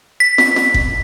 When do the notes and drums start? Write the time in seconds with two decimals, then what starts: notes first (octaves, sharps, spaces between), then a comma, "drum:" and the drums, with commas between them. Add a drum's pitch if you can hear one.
0.20 B6
0.38 drum: snare
0.56 drum: snare
0.74 drum: kick G1